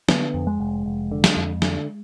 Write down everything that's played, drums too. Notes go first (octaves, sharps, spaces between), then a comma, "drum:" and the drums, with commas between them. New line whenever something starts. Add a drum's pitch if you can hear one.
D3 B3, drum: snare
F2
G#3
F1
F1
D3
drum: snare
F2
D3, drum: snare